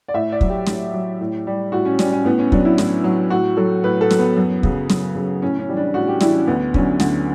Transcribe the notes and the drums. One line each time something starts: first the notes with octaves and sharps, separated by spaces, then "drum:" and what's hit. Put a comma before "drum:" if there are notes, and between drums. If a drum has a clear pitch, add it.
D5
A2 E5
D5
F#3, drum: kick
G4
A2, drum: snare
F#3
A2
G3
A2 F#4
C#4
G3 C#4, drum: snare
C#4
A2 B3
C#4
F#3 D4, drum: kick
E4
A2, drum: snare
F#3
A2 F#4
F#3 A4
A2 B4
A4
F#3, drum: snare
B3
F#2
C#3 F#3, drum: kick
F#2, drum: snare
C#3 F#3
A2 C#4
C#4
E3 G3
D4
A2 F#4
G4
E3 G3 E4, drum: snare
C#4
D2 B3
D3 F#3 C#4, drum: kick
D2, drum: snare